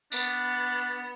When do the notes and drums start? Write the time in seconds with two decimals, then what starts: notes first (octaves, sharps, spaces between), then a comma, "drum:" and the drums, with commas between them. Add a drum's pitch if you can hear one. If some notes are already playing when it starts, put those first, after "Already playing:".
0.12 B3 D4, drum: tambourine